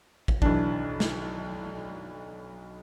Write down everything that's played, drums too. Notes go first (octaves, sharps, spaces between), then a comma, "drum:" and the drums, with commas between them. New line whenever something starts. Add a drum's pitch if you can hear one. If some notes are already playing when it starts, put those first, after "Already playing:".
drum: kick
B1 E3 D4, drum: kick
drum: snare